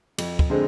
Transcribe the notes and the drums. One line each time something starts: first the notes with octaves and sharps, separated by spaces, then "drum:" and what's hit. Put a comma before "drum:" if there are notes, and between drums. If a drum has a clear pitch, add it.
F2, drum: cymbal
drum: kick
D3 G#3 C4